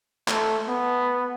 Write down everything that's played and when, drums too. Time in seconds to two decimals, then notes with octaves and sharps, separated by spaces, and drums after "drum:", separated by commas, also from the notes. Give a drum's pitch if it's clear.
0.28 A3, drum: clap
0.69 B3